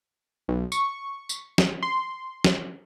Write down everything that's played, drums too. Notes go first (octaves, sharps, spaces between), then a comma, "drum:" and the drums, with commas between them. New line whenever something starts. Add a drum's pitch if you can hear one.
B1
C#6, drum: tambourine
drum: tambourine
drum: snare
C6
drum: snare